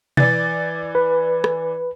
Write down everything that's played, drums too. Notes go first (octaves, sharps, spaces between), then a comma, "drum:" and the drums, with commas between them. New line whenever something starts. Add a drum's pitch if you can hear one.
E3 D5 A6, drum: tom B2
B4
drum: rim click